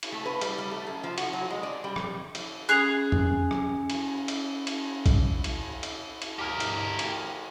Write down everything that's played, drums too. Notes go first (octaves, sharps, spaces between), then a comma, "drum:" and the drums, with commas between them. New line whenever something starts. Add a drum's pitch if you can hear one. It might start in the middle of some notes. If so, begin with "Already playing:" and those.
drum: cymbal
A3
B4
G3, drum: cymbal
G3
A3
F#2
F3
F#4, drum: cymbal
F#3
G#3
D5
G3
drum: rim click
drum: cymbal
C#4 G#4 F#6 C7 F7
drum: tom F2
drum: rim click
drum: cymbal
drum: cymbal
drum: cymbal
drum: kick, cymbal
drum: cymbal
drum: cymbal
drum: cymbal
G4 A#4
drum: cymbal
drum: cymbal